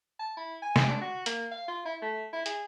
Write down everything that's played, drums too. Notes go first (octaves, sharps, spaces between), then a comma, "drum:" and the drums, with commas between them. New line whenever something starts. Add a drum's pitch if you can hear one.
A5
E4
G#5
drum: snare
D4
F#4
A#3, drum: hi-hat
F5
F4
E4
A3
E4
G#4, drum: hi-hat